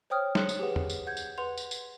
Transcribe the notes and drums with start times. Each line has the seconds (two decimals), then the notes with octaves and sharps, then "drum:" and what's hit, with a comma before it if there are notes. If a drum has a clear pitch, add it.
0.10 C5 C#5 G5 D#6 F6
0.35 C6 F#6 C#7, drum: snare
0.49 drum: tambourine
0.59 G4 G#4 B4 F#5
0.76 drum: tom E2
0.90 drum: tambourine
1.07 F#5 G6 G#6
1.17 drum: tambourine
1.38 B4 F#5 C6 F7
1.58 drum: tambourine
1.71 drum: tambourine